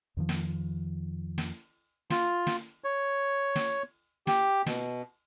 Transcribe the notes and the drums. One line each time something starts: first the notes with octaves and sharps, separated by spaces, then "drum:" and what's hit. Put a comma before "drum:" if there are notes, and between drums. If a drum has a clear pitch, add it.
F2 D#3 F3
drum: snare
drum: snare
F4, drum: snare
drum: snare
C#5
drum: snare
G4, drum: snare
B2, drum: snare